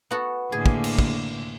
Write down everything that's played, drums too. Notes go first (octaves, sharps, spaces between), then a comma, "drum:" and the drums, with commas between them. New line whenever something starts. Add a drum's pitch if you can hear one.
B3 F#4 A4
A2 D3 A#3 G#4
drum: kick
drum: cymbal
drum: kick